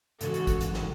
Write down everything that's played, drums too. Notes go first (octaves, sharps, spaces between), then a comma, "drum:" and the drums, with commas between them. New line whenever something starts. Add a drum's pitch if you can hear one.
G#2 C#3 E3 F#4 A4, drum: hi-hat
drum: hi-hat
drum: kick A1, hi-hat
drum: hi-hat
drum: snare